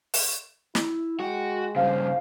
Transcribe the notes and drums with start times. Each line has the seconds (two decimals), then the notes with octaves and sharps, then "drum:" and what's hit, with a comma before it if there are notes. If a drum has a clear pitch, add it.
0.14 drum: open hi-hat
0.75 E4, drum: snare
1.20 G#3 F#4 G5
1.76 G2 C#3 C5 F5